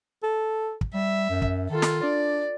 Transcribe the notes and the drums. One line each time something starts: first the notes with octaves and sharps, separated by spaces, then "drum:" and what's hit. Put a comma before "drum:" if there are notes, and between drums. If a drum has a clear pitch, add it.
A4
drum: kick
G3 E5
F#2
drum: kick
D#3 F4 A4
drum: snare
D4 D5